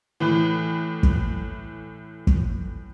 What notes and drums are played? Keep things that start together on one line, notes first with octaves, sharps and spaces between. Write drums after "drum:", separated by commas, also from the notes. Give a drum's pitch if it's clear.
A2 E3
drum: kick
drum: kick